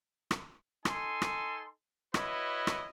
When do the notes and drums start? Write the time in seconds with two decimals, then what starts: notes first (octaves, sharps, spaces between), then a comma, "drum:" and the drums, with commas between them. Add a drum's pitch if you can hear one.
0.31 drum: rim click
0.85 D#4 A4 G#5 C6, drum: rim click
1.22 drum: rim click
2.14 E4 F#4 B4 C#5 D#5, drum: rim click
2.67 drum: rim click